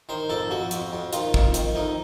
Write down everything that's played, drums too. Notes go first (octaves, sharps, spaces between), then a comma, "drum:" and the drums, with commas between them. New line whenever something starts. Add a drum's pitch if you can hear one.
D#3 C5
F2 A4
F2 F#4
F2, drum: hi-hat
F2
D#3 F4, drum: hi-hat
F2, drum: kick
D#3, drum: hi-hat
F2 D#4